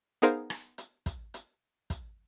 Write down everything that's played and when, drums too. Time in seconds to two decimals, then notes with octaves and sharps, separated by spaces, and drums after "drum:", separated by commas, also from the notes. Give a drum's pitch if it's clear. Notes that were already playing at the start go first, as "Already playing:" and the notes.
0.22 B3 D#4 G#4 A#4 C5 F5, drum: hi-hat
0.50 drum: rim click
0.78 drum: hi-hat
1.06 drum: kick, hi-hat
1.34 drum: hi-hat
1.90 drum: kick, hi-hat